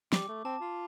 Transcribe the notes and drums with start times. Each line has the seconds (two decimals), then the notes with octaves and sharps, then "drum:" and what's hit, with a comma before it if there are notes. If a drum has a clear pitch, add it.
0.13 G3 D6, drum: snare
0.29 A3
0.45 C4 A5
0.62 F4